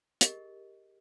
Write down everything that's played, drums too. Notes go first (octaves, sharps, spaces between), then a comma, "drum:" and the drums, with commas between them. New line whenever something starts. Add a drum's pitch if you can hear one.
G4 G#4 A#4 D#5, drum: hi-hat